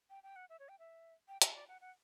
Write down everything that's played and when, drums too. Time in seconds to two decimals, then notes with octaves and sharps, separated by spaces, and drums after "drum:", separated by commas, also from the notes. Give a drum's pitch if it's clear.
0.10 G5
0.23 G5
0.36 F#5
0.50 E5
0.60 C#5
0.69 G5
0.79 E5
1.28 G5
1.42 E5, drum: hi-hat
1.55 D5
1.68 F#5
1.81 F#5